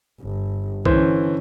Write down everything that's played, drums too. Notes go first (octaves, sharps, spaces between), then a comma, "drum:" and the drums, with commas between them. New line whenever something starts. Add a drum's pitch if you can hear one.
G1
D3 E3 C#4 C5, drum: kick B1